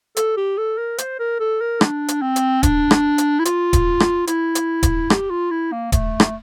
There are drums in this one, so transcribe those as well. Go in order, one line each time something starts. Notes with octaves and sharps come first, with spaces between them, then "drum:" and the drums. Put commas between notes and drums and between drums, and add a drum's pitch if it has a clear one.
A4, drum: hi-hat
G4
A4
A#4
C5, drum: hi-hat
A#4
A4
A#4
D4, drum: rim click
drum: hi-hat
C4
drum: hi-hat
D4, drum: kick D#1, hi-hat
drum: rim click
drum: hi-hat
E4
F4, drum: hi-hat
drum: kick D#1, hi-hat
drum: rim click
E4, drum: hi-hat
drum: hi-hat
drum: kick D#1, hi-hat
G4, drum: rim click
F4
E4
A#3
A3, drum: kick D#1, hi-hat
drum: rim click